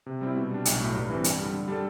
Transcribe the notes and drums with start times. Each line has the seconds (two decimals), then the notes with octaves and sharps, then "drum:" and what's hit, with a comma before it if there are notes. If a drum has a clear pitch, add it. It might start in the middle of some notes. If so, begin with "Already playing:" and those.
0.06 C3
0.21 G3 C4 E4
0.36 B2
0.51 G3 D4
0.65 B1, drum: hi-hat
0.80 A2 F#3 A3
0.94 G2
1.10 E3 G3 C4
1.24 G2, drum: hi-hat
1.38 D3 G3
1.54 D3
1.68 G3 D4 A4